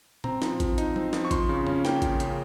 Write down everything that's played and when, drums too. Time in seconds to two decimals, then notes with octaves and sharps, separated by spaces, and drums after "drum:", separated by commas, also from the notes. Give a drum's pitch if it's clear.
0.24 C4 A#5, drum: tom A#2
0.42 F3, drum: snare
0.60 F3, drum: kick A1, hi-hat
0.78 D#4, drum: hi-hat
0.96 C4, drum: tom F#3
1.13 F3, drum: snare
1.25 C#6
1.31 F3 C6, drum: kick A1, hi-hat
1.49 C#3
1.67 C#4, drum: tom F2
1.85 A#3 G5, drum: snare
2.02 F3, drum: kick A1, hi-hat
2.20 C#3, drum: hi-hat